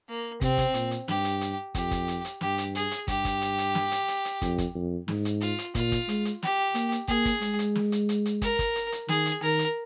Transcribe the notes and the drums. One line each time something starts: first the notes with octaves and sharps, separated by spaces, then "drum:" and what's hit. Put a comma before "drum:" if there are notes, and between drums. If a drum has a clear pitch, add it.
A#3
C3 C4, drum: kick, hi-hat
drum: kick, hi-hat
A#2, drum: hi-hat
drum: hi-hat
G2 G4, drum: snare
drum: hi-hat
drum: hi-hat
F2 G4, drum: kick, hi-hat
drum: kick, hi-hat
drum: hi-hat
drum: hi-hat
G2 G4, drum: snare
drum: hi-hat
G#4, drum: hi-hat
drum: hi-hat
G2 G4, drum: kick, hi-hat
drum: kick, hi-hat
drum: hi-hat
drum: hi-hat
drum: snare
drum: hi-hat
drum: hi-hat
drum: hi-hat
F2, drum: kick, hi-hat
drum: kick, hi-hat
F2
G#2, drum: snare
drum: hi-hat
F4, drum: hi-hat
drum: hi-hat
A#2 F4, drum: kick, hi-hat
drum: kick, hi-hat
G#3, drum: hi-hat
drum: hi-hat
G4, drum: snare
A#3, drum: hi-hat
drum: hi-hat
A#3 G#4, drum: kick, hi-hat
drum: kick, hi-hat
G#3, drum: hi-hat
drum: hi-hat
drum: snare
drum: hi-hat
drum: hi-hat
drum: hi-hat
A#4, drum: kick, hi-hat
drum: kick, hi-hat
drum: hi-hat
drum: hi-hat
D#3 G#4, drum: snare
drum: hi-hat
D#3 A#4
drum: hi-hat